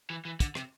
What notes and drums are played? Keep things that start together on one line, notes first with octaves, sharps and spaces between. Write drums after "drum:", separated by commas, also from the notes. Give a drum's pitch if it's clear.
E3
E3
D3, drum: kick, hi-hat
C3, drum: rim click